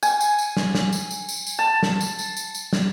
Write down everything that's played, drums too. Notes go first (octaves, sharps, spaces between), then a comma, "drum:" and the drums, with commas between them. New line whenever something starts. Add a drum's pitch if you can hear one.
G#5, drum: tambourine
drum: tambourine
drum: tambourine
drum: snare
drum: snare
drum: tambourine
drum: tambourine
drum: tambourine
drum: tambourine
A5
drum: snare
drum: tambourine
drum: tambourine
drum: tambourine
drum: tambourine
drum: snare